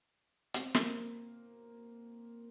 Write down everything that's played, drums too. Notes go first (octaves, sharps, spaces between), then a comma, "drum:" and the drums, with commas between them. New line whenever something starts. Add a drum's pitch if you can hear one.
C4, drum: hi-hat
A#3, drum: snare